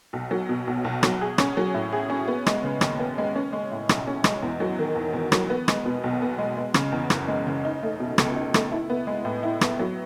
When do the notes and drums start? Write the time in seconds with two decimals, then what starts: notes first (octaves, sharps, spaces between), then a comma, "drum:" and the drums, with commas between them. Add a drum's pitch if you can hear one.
0.13 B1
0.31 F#3
0.49 B2
0.67 B1
0.85 B1
1.03 F#3, drum: rim click
1.21 G#4
1.38 C#4, drum: rim click
1.57 F#3
1.74 A2
1.92 G#4
2.10 C#4
2.28 B3
2.46 G#3, drum: rim click
2.64 C#3
2.81 D#2, drum: rim click
3.00 B3
3.18 G#3
3.36 C#4
3.53 G#3
3.71 A2
3.89 B1, drum: rim click
4.07 C#4
4.24 G#3, drum: rim click
4.42 E2
4.60 F#3
4.79 D#3
4.96 E2
5.13 E2
5.32 F#3, drum: rim click
5.50 B3
5.68 G#3, drum: rim click
5.86 B2
6.04 B1
6.22 B3
6.39 G#3
6.57 G#3
6.74 C#3, drum: rim click
6.92 E2
7.10 F#1, drum: rim click
7.28 G#3
7.47 C#3
7.65 D#4
7.83 A3
8.00 B2
8.18 C#2, drum: rim click
8.36 D#4
8.54 A3, drum: rim click
8.72 E4
8.90 B3
9.07 G#3
9.25 A2
9.43 E4
9.61 B3, drum: rim click
9.79 F#3